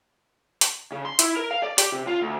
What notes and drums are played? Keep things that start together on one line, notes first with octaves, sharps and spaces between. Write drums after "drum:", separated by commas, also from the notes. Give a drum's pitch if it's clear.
drum: hi-hat
C#3
C6
E4, drum: hi-hat
A#4
F5
D5
G4, drum: hi-hat
C3
F4
D2